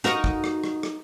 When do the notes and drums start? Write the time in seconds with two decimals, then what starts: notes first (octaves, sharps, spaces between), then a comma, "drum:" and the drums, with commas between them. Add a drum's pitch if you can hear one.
0.04 D#4 F#4 A#4, drum: hi-hat
0.24 drum: kick
0.44 drum: rim click
0.64 drum: rim click
0.83 drum: rim click